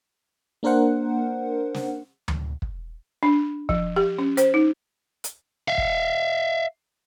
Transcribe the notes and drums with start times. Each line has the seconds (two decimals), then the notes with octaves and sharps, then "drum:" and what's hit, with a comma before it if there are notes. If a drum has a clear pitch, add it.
0.63 A#3 D4 A#4 C5 F#5
1.74 drum: snare
2.28 drum: tom D2
2.62 drum: kick
3.23 D4
3.69 F3, drum: kick
3.96 G4
4.18 C#4
4.37 C5, drum: hi-hat
4.54 D#4
5.24 drum: hi-hat
5.68 E5 F5
5.78 drum: kick